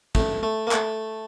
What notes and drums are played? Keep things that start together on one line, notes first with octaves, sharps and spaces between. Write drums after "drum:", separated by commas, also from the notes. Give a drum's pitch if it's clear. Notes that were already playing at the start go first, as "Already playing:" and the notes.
A3, drum: kick
A3
A#3
A3, drum: clap